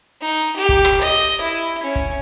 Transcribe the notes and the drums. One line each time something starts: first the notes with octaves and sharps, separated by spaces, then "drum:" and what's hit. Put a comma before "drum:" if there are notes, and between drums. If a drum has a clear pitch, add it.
D#4
G4
drum: kick
drum: rim click
D#5
E4
C#4
drum: kick